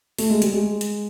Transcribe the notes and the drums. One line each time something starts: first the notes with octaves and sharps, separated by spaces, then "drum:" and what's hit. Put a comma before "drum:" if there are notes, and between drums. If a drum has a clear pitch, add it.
A3, drum: open hi-hat
G#3
G3, drum: hi-hat
G#3
drum: hi-hat